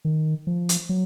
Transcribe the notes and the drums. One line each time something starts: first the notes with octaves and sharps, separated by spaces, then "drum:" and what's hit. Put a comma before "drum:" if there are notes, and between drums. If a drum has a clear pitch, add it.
D#3
F3
drum: hi-hat
F#3